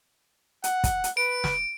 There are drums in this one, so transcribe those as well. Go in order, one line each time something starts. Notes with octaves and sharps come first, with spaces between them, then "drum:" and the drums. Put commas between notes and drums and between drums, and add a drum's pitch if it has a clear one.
F#5, drum: hi-hat
drum: kick, hi-hat
drum: hi-hat
B4 D7
drum: snare